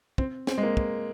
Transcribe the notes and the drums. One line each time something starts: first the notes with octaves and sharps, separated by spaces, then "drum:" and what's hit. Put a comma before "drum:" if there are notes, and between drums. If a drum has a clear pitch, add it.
C4, drum: kick
C4, drum: snare
G#3
A#3
drum: kick